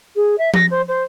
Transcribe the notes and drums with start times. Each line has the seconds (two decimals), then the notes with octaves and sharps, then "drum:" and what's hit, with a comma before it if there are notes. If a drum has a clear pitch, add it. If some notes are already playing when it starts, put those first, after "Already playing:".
0.15 G#4
0.38 E5
0.54 A#6, drum: tom F3
0.70 C5
0.87 C5